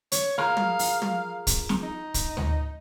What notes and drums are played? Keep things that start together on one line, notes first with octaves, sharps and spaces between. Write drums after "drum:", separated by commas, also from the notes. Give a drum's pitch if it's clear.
C#5, drum: hi-hat
F4 G#4 A#4 F5
drum: tom
drum: open hi-hat
drum: tom
drum: kick, hi-hat
drum: snare
D#4
drum: kick, hi-hat
drum: tom D2